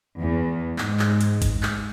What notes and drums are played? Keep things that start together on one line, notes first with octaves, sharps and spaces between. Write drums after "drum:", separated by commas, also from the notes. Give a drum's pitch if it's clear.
E2
G#2, drum: clap
drum: clap
drum: hi-hat
drum: kick G1, hi-hat
drum: clap